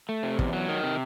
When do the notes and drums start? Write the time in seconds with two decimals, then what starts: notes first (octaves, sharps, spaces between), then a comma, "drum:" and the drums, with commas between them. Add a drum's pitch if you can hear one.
0.09 A3
0.23 C3
0.39 E2, drum: kick
0.53 F#3
0.68 D#3
0.83 C3